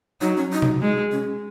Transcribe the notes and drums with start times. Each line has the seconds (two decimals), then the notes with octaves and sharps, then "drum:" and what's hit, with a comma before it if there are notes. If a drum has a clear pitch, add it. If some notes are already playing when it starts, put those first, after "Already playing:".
0.21 F#3 D#4
0.37 C#4
0.52 D#4
0.62 drum: tom B2
0.82 G#3
1.12 C#4